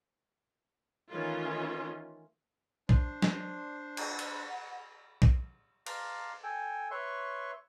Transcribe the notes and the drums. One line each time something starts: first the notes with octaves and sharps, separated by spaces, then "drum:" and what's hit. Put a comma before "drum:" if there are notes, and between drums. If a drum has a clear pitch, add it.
D#3 E3 A3 C#4 F4
D4 C5, drum: kick
drum: snare
F#5, drum: cymbal
drum: cymbal
drum: kick
F5 A5 A#5 C6 D6, drum: cymbal
A4 G5 G#5
B4 C#5 E5 C6 C#6